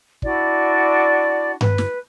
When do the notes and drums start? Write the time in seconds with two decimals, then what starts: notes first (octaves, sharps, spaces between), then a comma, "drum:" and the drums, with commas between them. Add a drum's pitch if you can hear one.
0.22 D4 E4 F#4 D5, drum: kick
1.61 B4, drum: tom G2
1.78 drum: snare